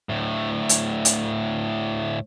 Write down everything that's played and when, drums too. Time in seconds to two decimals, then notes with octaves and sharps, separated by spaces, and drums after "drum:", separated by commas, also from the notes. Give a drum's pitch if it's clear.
0.09 D2 A2
0.69 drum: hi-hat
1.05 drum: hi-hat